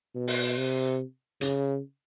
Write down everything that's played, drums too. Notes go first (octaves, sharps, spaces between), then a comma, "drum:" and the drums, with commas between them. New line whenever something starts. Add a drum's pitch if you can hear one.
B2
drum: open hi-hat
C3
C#3, drum: hi-hat